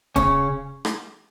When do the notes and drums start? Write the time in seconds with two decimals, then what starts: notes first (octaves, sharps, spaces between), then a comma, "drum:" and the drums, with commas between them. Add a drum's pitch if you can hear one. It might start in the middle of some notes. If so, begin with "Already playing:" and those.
0.16 C#3 C#4, drum: kick, hi-hat
0.85 drum: rim click